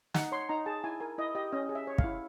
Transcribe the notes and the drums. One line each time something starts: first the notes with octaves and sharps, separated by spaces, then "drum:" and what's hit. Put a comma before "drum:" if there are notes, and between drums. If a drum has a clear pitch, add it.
D#4 F#5, drum: snare
C#5 C6
D#4 A#5
G#4 A5
E4 G#5
A#4 G#5
E4 D#5
G4 D#5
C#4 D#5
G#4
E5
C#5
F5, drum: kick
E4